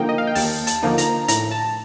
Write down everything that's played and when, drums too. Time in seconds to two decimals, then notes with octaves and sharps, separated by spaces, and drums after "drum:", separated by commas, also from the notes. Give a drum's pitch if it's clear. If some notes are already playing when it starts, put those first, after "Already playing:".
Already playing: D3 F3 A#3 D#4 G5
0.09 D#5
0.18 F5
0.27 G5
0.35 D#2 A5, drum: open hi-hat
0.67 A5, drum: hi-hat
0.82 D3 F3 A#3 D#4
0.98 A#5, drum: hi-hat
1.28 A2 A#5, drum: hi-hat
1.51 A5